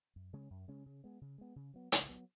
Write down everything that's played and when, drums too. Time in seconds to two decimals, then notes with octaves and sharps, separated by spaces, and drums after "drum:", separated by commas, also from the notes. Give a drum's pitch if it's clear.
0.16 F#2
0.33 C#3 G#3 C#4
0.50 F#2
0.68 C#3 G#3 C#4
0.86 C#3
1.04 G#3 B3
1.21 C#3
1.38 G#3 B3
1.56 C#3
1.74 F#3 B3
1.92 C#3, drum: hi-hat
2.09 F#3 B3